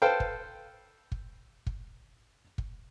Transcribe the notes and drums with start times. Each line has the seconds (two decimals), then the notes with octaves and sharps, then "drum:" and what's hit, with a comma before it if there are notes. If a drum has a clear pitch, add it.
0.02 A4 B4 C5 F5 G5
0.20 drum: kick
1.12 drum: kick
1.66 drum: kick
2.58 drum: kick